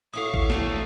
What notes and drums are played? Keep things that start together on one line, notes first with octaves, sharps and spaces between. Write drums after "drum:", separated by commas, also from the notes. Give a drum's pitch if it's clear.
C#4 E4 F#4 A4 E5 F5 C#6 D#6
drum: kick A1
F#2 D#3 A3 D4, drum: snare